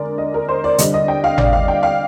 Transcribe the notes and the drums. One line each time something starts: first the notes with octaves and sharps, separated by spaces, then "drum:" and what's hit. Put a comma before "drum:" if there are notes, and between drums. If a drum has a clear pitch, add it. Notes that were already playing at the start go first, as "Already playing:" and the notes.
Already playing: D3 G#3 D4 A#4 D5
D#5
A#4
C5
D5
D3 G3 D4 D#5, drum: hi-hat
D#5
G5
F5
D5, drum: tom G#1
F5
G5
F5